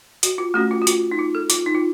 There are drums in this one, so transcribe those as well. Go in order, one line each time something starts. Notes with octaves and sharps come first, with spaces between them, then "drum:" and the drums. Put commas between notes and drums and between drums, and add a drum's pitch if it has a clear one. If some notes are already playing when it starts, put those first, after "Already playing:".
F#4, drum: hi-hat
F4
A3 C#4 F#4
F4
F#4
F4, drum: hi-hat
D#4
F4
A4
F4, drum: hi-hat
D#4
F4